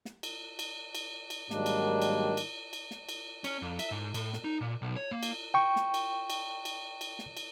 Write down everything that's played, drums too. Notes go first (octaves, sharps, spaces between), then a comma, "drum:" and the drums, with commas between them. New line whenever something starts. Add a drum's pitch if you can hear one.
drum: snare
drum: cymbal
drum: cymbal
drum: cymbal
drum: cymbal
G#2 D#3 F#3 G3 A#3 D4, drum: snare
drum: cymbal
drum: cymbal
drum: cymbal
drum: cymbal
drum: snare
drum: cymbal
C#4, drum: cymbal
F2
E5, drum: cymbal
G#2
A2, drum: cymbal
drum: snare
D#4
A#2
B1
C#5
A#3
drum: cymbal
G5 C#6
drum: snare
drum: cymbal
drum: cymbal
drum: cymbal
drum: cymbal
drum: snare
drum: cymbal